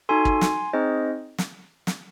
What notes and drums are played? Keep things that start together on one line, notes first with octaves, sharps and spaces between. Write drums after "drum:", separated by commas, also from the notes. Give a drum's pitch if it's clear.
D#4 F#4 A4 G#5 C6
drum: kick
drum: snare
C4 D#4 G#4 C5 D#5
drum: snare
drum: snare